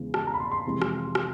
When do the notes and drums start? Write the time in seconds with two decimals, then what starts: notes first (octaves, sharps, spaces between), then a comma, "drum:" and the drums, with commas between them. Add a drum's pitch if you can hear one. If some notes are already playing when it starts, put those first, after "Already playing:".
Already playing: E2 C#3 E3 G#3
0.14 A5, drum: rim click
0.27 A#5
0.34 B5
0.40 C6
0.52 C6
0.65 F2 C3 E3 G#3
0.82 drum: rim click
1.15 drum: rim click